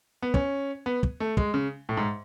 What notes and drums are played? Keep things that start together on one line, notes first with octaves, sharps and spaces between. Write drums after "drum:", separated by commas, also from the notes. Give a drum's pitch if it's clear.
B3
C#4, drum: kick
B3
drum: kick
A3
G#3, drum: kick
C#3
A2
G#2